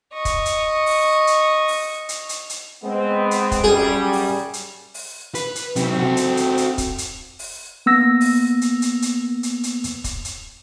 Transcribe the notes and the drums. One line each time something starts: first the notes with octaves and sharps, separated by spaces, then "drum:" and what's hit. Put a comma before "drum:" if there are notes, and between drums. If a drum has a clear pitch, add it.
D#5 C#6
drum: kick, hi-hat
drum: hi-hat
drum: open hi-hat
drum: hi-hat
drum: open hi-hat
drum: hi-hat
drum: hi-hat
drum: hi-hat
G#3 B3 C4
drum: hi-hat
drum: kick, hi-hat
F#2 G3 G#4
drum: open hi-hat
drum: hi-hat
drum: open hi-hat
B4, drum: hi-hat
drum: hi-hat
C3 F#3 C4, drum: hi-hat
F#4 A4
drum: hi-hat
drum: hi-hat
drum: hi-hat
drum: kick, hi-hat
drum: hi-hat
drum: open hi-hat
A#3 B3 E6 A#6
drum: open hi-hat
drum: hi-hat
drum: hi-hat
drum: hi-hat
drum: hi-hat
drum: hi-hat
drum: hi-hat
drum: kick, hi-hat
drum: hi-hat